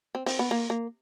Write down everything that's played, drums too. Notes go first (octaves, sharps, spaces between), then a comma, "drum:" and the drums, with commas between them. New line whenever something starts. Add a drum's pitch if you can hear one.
C4
C4, drum: open hi-hat
B3
A#3
A#3